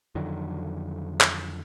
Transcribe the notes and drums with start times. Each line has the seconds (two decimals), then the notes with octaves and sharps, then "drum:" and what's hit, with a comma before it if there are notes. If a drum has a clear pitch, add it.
0.15 F2 D3 D#3 F#3
1.21 drum: clap